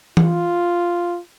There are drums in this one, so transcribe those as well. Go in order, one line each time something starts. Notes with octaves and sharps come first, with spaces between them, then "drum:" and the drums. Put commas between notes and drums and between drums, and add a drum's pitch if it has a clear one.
F4, drum: tom E3